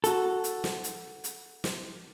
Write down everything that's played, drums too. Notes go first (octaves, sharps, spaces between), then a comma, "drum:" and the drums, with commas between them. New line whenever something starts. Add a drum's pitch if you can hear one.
F#4 A4, drum: hi-hat
drum: hi-hat
drum: snare
drum: hi-hat
drum: hi-hat
drum: snare